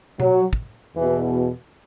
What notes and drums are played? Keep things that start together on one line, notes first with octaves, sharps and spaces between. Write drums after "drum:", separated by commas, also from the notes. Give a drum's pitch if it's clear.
F#3, drum: tom B2
drum: kick
E2 B2 E3